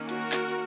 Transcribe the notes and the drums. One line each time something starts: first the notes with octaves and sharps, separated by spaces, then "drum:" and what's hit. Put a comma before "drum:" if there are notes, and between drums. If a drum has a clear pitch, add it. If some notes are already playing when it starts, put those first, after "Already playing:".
Already playing: D#3 A#3 C#4
F#4 A#4, drum: hi-hat
drum: clap